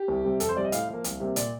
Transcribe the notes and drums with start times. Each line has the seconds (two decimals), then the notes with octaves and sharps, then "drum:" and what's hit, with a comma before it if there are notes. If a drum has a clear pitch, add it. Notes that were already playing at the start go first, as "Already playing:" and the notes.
Already playing: G4
0.08 C2
0.25 C3 G3
0.40 F2 A4, drum: hi-hat
0.49 C5
0.56 C3 G3 D5
0.65 D#5
0.72 A2 F5, drum: hi-hat
0.88 F3 A#3 F5
1.04 C2, drum: hi-hat
1.20 C3 G3 A#3
1.36 A#2 D5, drum: hi-hat